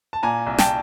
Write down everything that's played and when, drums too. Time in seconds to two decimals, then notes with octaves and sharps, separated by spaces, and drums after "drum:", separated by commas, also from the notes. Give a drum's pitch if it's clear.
0.13 A5
0.23 A#2 G#5 A#5
0.46 C2
0.58 G5 A5, drum: snare